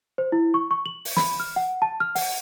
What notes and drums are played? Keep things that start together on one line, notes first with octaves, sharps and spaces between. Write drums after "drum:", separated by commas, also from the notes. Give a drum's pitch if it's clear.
C5
E4
C#6
C#6
F#7
drum: open hi-hat
B5, drum: snare
F6
F#5
A5
F6
F#5, drum: open hi-hat